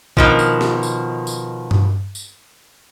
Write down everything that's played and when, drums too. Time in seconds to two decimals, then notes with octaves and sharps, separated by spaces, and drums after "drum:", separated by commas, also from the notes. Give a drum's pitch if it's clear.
0.17 B2 D#3 F3, drum: kick A#1
0.39 drum: tambourine
0.61 drum: snare
0.83 drum: tambourine
1.27 drum: tambourine
1.71 drum: tom G2
2.15 drum: tambourine